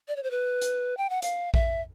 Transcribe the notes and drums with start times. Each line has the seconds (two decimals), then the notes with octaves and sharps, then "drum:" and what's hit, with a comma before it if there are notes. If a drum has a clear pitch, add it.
0.08 D5
0.16 C#5
0.23 C5
0.31 B4
0.61 drum: hi-hat
0.97 G5
1.10 F#5
1.22 F5, drum: hi-hat
1.54 E5, drum: kick A#1